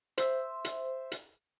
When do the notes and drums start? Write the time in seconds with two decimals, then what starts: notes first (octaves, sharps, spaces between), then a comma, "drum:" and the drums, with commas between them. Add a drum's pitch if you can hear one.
0.18 C5 E5, drum: hi-hat
0.65 drum: hi-hat
1.12 drum: hi-hat